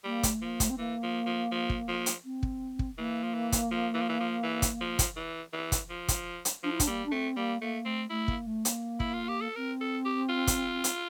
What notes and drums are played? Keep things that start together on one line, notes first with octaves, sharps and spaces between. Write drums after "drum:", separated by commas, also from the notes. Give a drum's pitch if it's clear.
G3 A#3
A3, drum: kick, hi-hat
F3 A#3
A3, drum: kick, hi-hat
C4
E3 A#3
F3
F3
F3
drum: kick
F3
drum: hi-hat
C4
drum: kick
drum: kick
E3 A#3
F3
E3
drum: kick, hi-hat
F3
E3
F3
E3
F3
E3
drum: kick, hi-hat
F3
drum: kick, hi-hat
E3
E3
drum: kick, hi-hat
F3
drum: kick, hi-hat
drum: hi-hat
F3 D4
E4
D4, drum: kick, hi-hat
G3 A#3
D4
A3 C4
G3 A#3
A3 A#3
A3 C4
A3 E4
A#3, drum: kick
A3
A#3, drum: hi-hat
E4, drum: kick
F4
G4
A4
C4 A#4
A4
G4
F4
drum: kick, hi-hat
drum: hi-hat